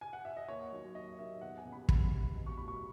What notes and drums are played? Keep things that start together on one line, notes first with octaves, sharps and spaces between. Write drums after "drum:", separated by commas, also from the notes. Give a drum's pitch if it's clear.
G#5
F#5
E5
D#5
D#2 C#5
D#3 F#3
D#2 D#5
D#3 F#3 E5
E1 F#5
G#5
E2 C#3
B5
E1 B5, drum: kick
E2 C#3
B1
C#6
A2 F#3 B5
C#6